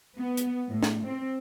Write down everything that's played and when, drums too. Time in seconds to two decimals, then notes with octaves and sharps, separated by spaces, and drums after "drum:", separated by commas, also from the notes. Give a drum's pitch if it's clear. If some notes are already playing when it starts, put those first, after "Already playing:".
0.18 B3
0.37 drum: hi-hat
0.69 A2
0.83 drum: snare
1.05 C4